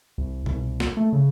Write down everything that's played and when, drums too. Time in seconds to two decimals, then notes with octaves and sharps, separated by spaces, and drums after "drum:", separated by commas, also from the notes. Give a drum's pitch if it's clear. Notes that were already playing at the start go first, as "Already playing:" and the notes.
0.18 C2
0.46 C2, drum: tom B2
0.80 drum: snare
0.97 A3
1.13 C#3